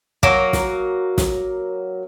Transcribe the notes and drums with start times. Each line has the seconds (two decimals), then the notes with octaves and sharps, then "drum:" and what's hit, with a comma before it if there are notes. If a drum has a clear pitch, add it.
0.23 F#3 A#3, drum: kick
0.53 drum: snare
1.18 drum: snare